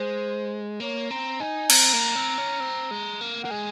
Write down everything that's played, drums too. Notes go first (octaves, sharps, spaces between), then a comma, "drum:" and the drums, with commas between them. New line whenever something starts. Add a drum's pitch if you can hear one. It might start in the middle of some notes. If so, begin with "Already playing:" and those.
Already playing: G#3 C5
A#3 C#5
C4 A#5
D#4 G#5
C4 A#5, drum: cymbal
A#3
C4
C#4
C4
G#3
A#3
A#3 F#5
G#3 G#5